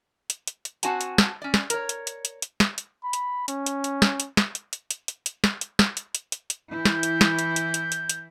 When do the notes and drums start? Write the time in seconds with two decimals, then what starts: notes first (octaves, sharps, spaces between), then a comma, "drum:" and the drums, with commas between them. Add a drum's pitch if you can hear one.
0.30 drum: hi-hat
0.47 drum: hi-hat
0.65 drum: hi-hat
0.83 C4 F#4 F#5 G#5 A5, drum: hi-hat
1.01 drum: hi-hat
1.18 drum: snare
1.42 C#4 D5
1.54 drum: snare
1.70 A#4 C#5, drum: hi-hat
1.89 drum: hi-hat
2.07 drum: hi-hat
2.25 drum: hi-hat
2.42 drum: hi-hat
2.60 drum: snare
2.78 drum: hi-hat
3.04 B5
3.13 drum: hi-hat
3.48 C#4, drum: hi-hat
3.66 drum: hi-hat
3.84 drum: hi-hat
4.02 drum: snare
4.20 drum: hi-hat
4.37 drum: snare
4.55 drum: hi-hat
4.73 drum: hi-hat
4.90 drum: hi-hat
5.08 drum: hi-hat
5.26 drum: hi-hat
5.44 drum: snare
5.61 drum: hi-hat
5.79 drum: snare
5.97 drum: hi-hat
6.15 drum: hi-hat
6.32 drum: hi-hat
6.50 drum: hi-hat
6.71 E3 E4 G6
6.85 drum: snare
7.03 drum: hi-hat
7.21 drum: snare
7.39 drum: hi-hat
7.56 drum: hi-hat
7.74 drum: hi-hat
7.92 drum: hi-hat
8.09 drum: hi-hat